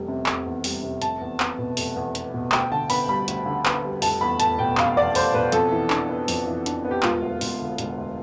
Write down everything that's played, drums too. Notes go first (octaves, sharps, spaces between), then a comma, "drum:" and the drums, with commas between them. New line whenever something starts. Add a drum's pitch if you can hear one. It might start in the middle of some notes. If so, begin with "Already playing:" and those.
Already playing: F1 E2 G3
C3
F1, drum: clap
E2
G3, drum: open hi-hat
C3
F1 A5, drum: hi-hat
E2
B3, drum: clap
B2
F1, drum: open hi-hat
E2
B3, drum: hi-hat
B2
D2 G5, drum: clap
D3 A5
B3 B5, drum: open hi-hat
G3 B5
D2, drum: hi-hat
D3
B3, drum: clap
G3
F1 A5, drum: open hi-hat
E2 B5
F1 A5, drum: hi-hat
B2 G5
F1 F5, drum: clap
E2 D5
F1 C5, drum: open hi-hat
B2 B4
F2 A4, drum: hi-hat
E3
D4, drum: clap
B3
F2, drum: open hi-hat
E3
D4, drum: hi-hat
B3
G4
E1 F4, drum: clap
D2
E1, drum: open hi-hat
D3
E1, drum: hi-hat
D2